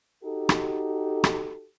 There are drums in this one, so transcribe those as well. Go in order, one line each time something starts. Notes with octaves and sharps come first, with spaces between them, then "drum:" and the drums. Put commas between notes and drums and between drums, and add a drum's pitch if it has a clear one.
D#4 F#4 G4 A4
drum: rim click
drum: rim click